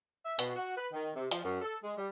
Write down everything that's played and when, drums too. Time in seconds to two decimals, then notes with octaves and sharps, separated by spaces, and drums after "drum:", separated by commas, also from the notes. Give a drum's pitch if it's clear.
0.25 E5
0.39 B2, drum: hi-hat
0.56 F#4
0.77 B4
0.93 D#3
1.16 C3
1.31 F3, drum: hi-hat
1.45 F#2
1.62 A4
1.84 G#3
1.97 G3